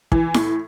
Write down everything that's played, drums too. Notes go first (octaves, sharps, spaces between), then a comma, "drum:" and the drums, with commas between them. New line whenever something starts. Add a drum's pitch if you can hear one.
E3, drum: kick
A2, drum: snare E4